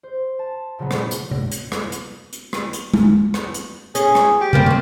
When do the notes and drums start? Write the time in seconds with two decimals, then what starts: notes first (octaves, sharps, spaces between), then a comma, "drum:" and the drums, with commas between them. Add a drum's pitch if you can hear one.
0.03 C5
0.39 A5
0.79 A#2 C#3 F3 F#3 B3 C#4
0.91 drum: rim click
1.11 drum: hi-hat
1.31 drum: tom C3
1.52 drum: hi-hat
1.72 drum: rim click
1.92 drum: hi-hat
2.33 drum: hi-hat
2.53 drum: rim click
2.73 drum: hi-hat
2.94 drum: tom G#3
3.34 drum: rim click
3.54 drum: hi-hat
3.95 C#4 G#4, drum: hi-hat
4.15 drum: rim click
4.41 G4
4.53 G3 A#3 C4, drum: tom C#3
4.66 C3 F#3